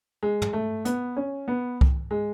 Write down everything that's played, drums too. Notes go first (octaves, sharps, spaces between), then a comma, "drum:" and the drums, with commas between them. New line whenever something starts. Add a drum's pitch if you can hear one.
G#3
drum: tom
A3
B3, drum: hi-hat
C#4
B3
drum: kick C2
G#3